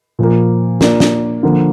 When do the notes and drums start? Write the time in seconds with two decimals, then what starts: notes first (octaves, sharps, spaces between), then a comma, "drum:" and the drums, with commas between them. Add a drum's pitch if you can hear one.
0.19 A#2 F3 A#3
0.81 A#3 D4 F4, drum: snare
1.00 drum: snare
1.43 D3 F3 A#3